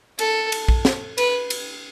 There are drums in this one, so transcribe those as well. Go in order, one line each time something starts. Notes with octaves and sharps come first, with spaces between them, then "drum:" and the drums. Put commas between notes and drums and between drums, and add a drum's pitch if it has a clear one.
A4, drum: cymbal
drum: cymbal
drum: kick A#1
drum: snare
B4, drum: cymbal
drum: cymbal